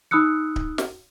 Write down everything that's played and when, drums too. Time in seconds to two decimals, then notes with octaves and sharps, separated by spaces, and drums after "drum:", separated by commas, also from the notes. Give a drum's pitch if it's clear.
0.11 D#4 B5 D#6 E6 F#6 C#7
0.56 drum: kick D1
0.78 drum: snare